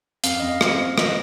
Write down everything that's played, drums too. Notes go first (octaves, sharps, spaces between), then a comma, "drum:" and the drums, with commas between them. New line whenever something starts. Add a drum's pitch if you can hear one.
F2 F5, drum: hi-hat
F2 D#5
F5
C4, drum: rim click
F5
C4
D#5, drum: rim click